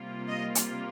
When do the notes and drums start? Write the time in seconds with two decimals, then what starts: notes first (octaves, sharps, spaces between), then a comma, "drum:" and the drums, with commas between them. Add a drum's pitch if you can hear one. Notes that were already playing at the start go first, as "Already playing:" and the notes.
Already playing: C3 G3 A#3 F4
0.28 D#5
0.55 drum: hi-hat